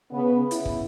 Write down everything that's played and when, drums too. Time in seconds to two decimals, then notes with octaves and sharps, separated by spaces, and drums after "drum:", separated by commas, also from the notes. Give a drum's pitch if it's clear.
0.11 C#3 B3
0.51 E4, drum: hi-hat
0.65 drum: kick